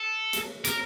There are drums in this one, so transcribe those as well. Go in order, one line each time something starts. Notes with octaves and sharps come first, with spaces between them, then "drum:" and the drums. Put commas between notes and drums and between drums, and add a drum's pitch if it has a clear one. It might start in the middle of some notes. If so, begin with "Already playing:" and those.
Already playing: A4
drum: hi-hat
A#4, drum: hi-hat